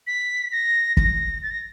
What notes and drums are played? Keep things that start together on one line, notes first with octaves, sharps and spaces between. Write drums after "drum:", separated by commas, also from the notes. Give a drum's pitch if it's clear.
B6
A#6
A#6, drum: kick
A6
A#6